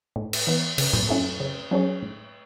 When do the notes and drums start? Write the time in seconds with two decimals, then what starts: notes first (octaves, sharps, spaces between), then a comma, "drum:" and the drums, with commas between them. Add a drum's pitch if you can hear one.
0.16 A2
0.33 drum: cymbal
0.47 E3 B3
0.78 C#3, drum: cymbal
0.93 drum: tom A2
1.09 F#3 C#4 E4 A4
1.40 C#3
1.71 F#3 C#4 G#4 C#5
2.03 A2